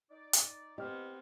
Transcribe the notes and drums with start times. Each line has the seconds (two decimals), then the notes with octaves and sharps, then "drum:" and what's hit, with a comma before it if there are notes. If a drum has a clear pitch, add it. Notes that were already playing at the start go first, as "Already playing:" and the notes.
0.11 D#4 D5
0.33 drum: hi-hat
0.78 B3 C4 G4 D#5 F6